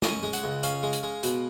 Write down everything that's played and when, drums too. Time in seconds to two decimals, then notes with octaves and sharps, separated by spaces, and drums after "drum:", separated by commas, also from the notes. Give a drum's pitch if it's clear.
0.02 C#4 D#5, drum: snare
0.23 G#3
0.33 F#5, drum: hi-hat
0.43 C#2
0.63 C#4 F5, drum: hi-hat
0.83 G#3
0.93 drum: hi-hat
1.03 G#3
1.23 B2, drum: hi-hat